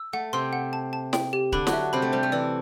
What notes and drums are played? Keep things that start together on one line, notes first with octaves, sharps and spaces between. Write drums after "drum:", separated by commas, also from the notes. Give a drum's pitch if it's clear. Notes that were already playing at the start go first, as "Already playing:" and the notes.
Already playing: E6
A3 F#5
C3 C4 C6
F#5
A5
A5
G5, drum: snare
G4
D3 D4 B5, drum: kick D1
F#3 F#4, drum: snare
E5
C3 C4 B5
A3
G3 C5
A3
E3 E4 D5